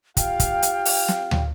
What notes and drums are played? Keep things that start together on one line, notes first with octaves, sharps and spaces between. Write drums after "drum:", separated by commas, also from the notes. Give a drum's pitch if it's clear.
F4 G4 F5 G5, drum: kick, hi-hat
drum: kick, hi-hat
drum: hi-hat
drum: open hi-hat
drum: snare
drum: tom D2